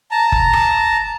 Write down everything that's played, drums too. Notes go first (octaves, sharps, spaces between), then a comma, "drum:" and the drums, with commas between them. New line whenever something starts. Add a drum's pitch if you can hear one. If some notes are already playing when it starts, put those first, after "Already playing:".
A5 A#5
drum: kick F#1
drum: rim click